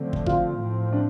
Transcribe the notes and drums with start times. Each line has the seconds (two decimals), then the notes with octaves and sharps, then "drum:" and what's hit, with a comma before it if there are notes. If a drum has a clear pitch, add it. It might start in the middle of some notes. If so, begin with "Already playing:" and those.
Already playing: D3 F3 A3 C4
0.13 drum: kick
0.27 F4, drum: kick
0.59 A2 F3 C4
0.93 D4